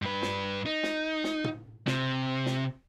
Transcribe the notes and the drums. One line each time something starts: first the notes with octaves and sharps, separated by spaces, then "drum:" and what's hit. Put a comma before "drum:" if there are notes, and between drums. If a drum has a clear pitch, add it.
G2 B4
drum: snare
D#4
drum: snare
drum: snare
drum: tom
C3, drum: snare
drum: snare